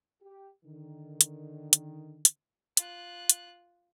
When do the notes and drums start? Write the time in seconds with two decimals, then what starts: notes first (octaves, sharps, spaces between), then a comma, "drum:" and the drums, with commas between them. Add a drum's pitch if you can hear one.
0.22 G4
0.65 D3 D#3
1.21 drum: hi-hat
1.73 drum: hi-hat
2.25 drum: hi-hat
2.77 F4 F#6, drum: hi-hat
3.29 drum: hi-hat